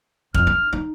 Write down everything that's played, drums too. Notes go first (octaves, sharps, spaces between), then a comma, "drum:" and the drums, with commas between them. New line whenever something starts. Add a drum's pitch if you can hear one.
F2 F6, drum: kick
D4
D#4